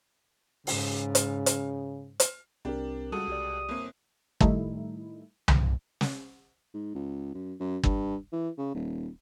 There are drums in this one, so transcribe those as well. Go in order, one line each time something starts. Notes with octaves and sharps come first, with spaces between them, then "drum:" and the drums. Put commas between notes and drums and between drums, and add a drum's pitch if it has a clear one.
G#2 C#3, drum: open hi-hat
drum: hi-hat
drum: hi-hat
drum: hi-hat
C2 C4 D4 G4 A#4
C#2 G3 F#4 A4 D#6
C2 G4 D5
G1 A#3 C4
A2 D#3 G3 A3 D#4 E4, drum: kick G1
drum: tom C2
drum: snare
G#2
C#2
F#2
F#2
G2, drum: kick G1
E3
C#3
D#1